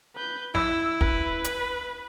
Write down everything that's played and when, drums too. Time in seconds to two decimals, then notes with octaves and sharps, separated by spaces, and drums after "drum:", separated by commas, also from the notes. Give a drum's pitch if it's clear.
0.16 B4 G6
0.55 E4 E6, drum: snare
1.01 B4, drum: kick
1.44 drum: hi-hat